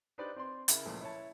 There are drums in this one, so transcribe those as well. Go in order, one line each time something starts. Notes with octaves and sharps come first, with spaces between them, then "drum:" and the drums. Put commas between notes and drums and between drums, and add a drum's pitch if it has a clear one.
D4 D#4 G4 B4 C5 D5
C4 D5 C6
C#3 E4 A#4, drum: hi-hat
C#2 A#2 F3 A3
E4 C#5 A5